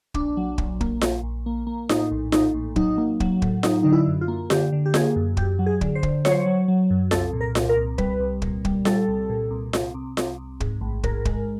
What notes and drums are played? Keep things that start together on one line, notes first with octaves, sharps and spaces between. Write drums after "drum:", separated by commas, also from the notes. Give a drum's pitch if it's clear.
A#1 D4, drum: kick
F#3
A#1, drum: kick
A#3, drum: kick
A#1, drum: snare F4
A#1
A#3
A#3
A2 D#4, drum: snare F4
A#1
A2 D#4, drum: snare F4
A#1
F#3 D#4, drum: kick
A#3
F#3, drum: kick
A2, drum: kick
F#3 D#4, drum: snare F4
D3 D#4
E4
F#2
F4
A#3
D3 G4, drum: snare F4
D3
G4
A#3 G#4, drum: snare F4
F#2
F#2 G4, drum: kick
F#3
G#4
D3, drum: kick
C5
D3, drum: kick
F#3 C#5, drum: snare F4
C5
C#5
F#3
F#3
F#2
C2 A4, drum: snare F4
A#2
A#4
C2, drum: snare F4
A#4
C2
G3 B4, drum: kick
C2
A#2, drum: kick
G3, drum: kick
G3 A4, drum: snare F4
C2
A#2
C2
C2, drum: snare F4
C2
C2, drum: snare F4
C2
G#2, drum: kick
A1
G#2 A#4, drum: kick
G#3, drum: kick